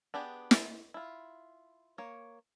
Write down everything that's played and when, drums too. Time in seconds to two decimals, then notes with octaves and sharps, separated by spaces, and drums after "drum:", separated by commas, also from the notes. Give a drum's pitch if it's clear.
0.14 B3 D4 G4 G#4
0.51 drum: snare
0.94 E4 F4
1.98 A#3 C#5